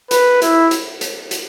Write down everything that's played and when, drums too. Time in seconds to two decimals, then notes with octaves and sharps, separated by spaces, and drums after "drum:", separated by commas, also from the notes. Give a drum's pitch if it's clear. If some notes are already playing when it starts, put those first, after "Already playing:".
0.11 B4, drum: hi-hat
0.42 E4, drum: hi-hat
0.71 drum: hi-hat
1.01 drum: hi-hat
1.31 drum: hi-hat